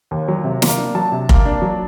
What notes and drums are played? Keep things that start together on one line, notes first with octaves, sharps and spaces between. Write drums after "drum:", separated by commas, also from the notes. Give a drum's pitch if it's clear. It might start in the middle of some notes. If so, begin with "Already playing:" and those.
D#2
F#3
C3
A#3, drum: snare
D4
F#3 A5
C3
A#3, drum: kick F1
D4
F#3